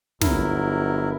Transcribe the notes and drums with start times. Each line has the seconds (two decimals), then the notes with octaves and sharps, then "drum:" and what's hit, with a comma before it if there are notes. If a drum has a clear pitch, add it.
0.21 G1 F#3 E4 A#4, drum: snare